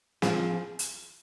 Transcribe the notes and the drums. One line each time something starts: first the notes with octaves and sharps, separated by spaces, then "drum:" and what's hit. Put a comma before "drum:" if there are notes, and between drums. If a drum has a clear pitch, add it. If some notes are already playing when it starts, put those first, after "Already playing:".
F3 C4 F4 G#4, drum: snare
drum: hi-hat